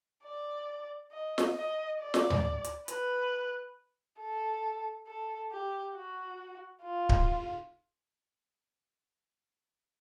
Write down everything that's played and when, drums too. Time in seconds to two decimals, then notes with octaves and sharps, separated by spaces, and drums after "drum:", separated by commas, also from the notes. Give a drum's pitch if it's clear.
0.24 D5
1.12 D#5
1.38 drum: snare
1.56 D#5
2.00 D5
2.14 drum: snare
2.30 drum: tom D2
2.64 drum: hi-hat
2.88 B4, drum: hi-hat
4.20 A4
5.07 A4
5.52 G4
5.95 F#4
6.83 F4
7.09 drum: kick D1